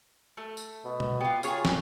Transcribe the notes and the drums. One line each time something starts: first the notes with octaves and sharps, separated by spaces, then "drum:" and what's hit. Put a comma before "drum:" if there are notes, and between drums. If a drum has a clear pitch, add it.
A3
drum: tambourine
B2
drum: tom B2
B3 F4 G4
C#3 F4 G#4 C#5, drum: tambourine
drum: snare